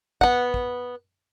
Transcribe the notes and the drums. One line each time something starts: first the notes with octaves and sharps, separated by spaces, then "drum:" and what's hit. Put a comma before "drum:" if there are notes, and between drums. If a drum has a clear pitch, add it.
B3 F#5, drum: kick
drum: kick